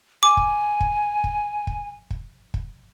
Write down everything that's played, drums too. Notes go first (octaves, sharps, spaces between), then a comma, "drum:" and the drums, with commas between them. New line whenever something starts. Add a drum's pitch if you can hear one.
G#5 D6
drum: kick
drum: kick
drum: kick
drum: kick
drum: kick
drum: kick